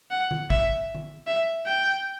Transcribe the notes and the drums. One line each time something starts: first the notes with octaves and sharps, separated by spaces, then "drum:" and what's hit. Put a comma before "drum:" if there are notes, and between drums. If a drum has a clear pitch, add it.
F#5
drum: tom D#3
E5, drum: kick
drum: tom D#3
E5
G5